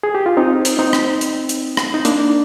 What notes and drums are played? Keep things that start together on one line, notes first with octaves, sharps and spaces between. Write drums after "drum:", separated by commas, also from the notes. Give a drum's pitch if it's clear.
G#4
G4
F4
C4 D#4
drum: hi-hat
C4 D#4
drum: rim click
drum: hi-hat
drum: hi-hat
drum: rim click
D#4
A#3 D4, drum: hi-hat